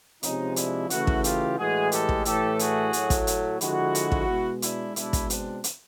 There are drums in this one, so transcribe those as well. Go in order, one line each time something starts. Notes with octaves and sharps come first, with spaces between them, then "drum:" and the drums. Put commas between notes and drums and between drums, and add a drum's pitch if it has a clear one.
C3 F3 G#3 C#4 D#4, drum: hi-hat
D4 E4, drum: hi-hat
C#3 E3 A3 E4 F#4, drum: hi-hat
drum: kick
F4 G4, drum: hi-hat
A2 E3 G#3 F#4 G#4
G4 A4, drum: hi-hat
drum: kick
A2 E3 A3 G4 A4, drum: hi-hat
F#4 G#4, drum: hi-hat
A2 F#3 A3, drum: hi-hat
drum: kick, hi-hat
drum: hi-hat
D3 F3 G#3 E4 F#4, drum: hi-hat
drum: hi-hat
drum: kick
B2 G#3
D4 E4, drum: hi-hat
B2 G#3 D4 E4, drum: hi-hat
drum: kick, hi-hat
C4 D4, drum: hi-hat
drum: hi-hat